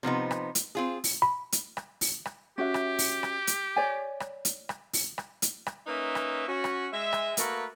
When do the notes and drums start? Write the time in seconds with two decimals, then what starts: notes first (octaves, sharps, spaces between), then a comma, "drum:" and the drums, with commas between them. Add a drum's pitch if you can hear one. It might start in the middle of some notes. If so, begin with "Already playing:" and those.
0.03 C3 F3 B3 D#4
0.31 drum: rim click
0.55 drum: hi-hat
0.75 C4 F4 G#4
1.04 drum: open hi-hat
1.22 B5
1.52 drum: hi-hat
1.77 drum: rim click
2.01 drum: open hi-hat
2.25 drum: rim click
2.58 C#4 F#4 G4 E5
2.74 drum: rim click
2.99 drum: open hi-hat
3.23 drum: rim click
3.47 drum: hi-hat
3.76 C#5 D5 G#5
4.20 drum: rim click
4.45 drum: hi-hat
4.69 drum: rim click
4.93 drum: open hi-hat
5.18 drum: rim click
5.42 drum: hi-hat
5.66 drum: rim click
5.87 A#3 C#4 D#4 B4 E5
6.15 drum: rim click
6.48 C#4 F#4
6.64 drum: rim click
6.92 G#3 E5
7.13 drum: rim click
7.37 A3 A#3 F#4 A#4 B4, drum: hi-hat